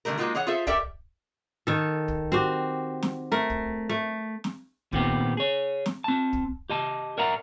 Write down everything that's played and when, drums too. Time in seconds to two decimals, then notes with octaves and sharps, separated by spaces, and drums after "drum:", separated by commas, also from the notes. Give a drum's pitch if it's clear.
0.05 D3 D#3 G3 A3 A#4
0.18 G#3 A#3 B3 D#4 F4 F#4
0.35 E3 G#4 C#5 F#5
0.47 F4 G#4 A4 C5 E5
0.67 G4 A4 A#4 D5 E5 G5, drum: kick
1.67 D#3 A4
2.08 drum: kick
2.32 C4 F#4 G4
3.03 drum: snare
3.32 A3 A#4
3.50 drum: kick
3.89 A3
4.44 drum: snare
4.92 A#2 D#3 B3 C4 G4, drum: kick
5.37 G#4 C#5
5.86 drum: snare
6.04 C4 A5
6.33 drum: kick
6.70 G4 D#5 A5
7.18 A#4 D5 E5 F#5 A#5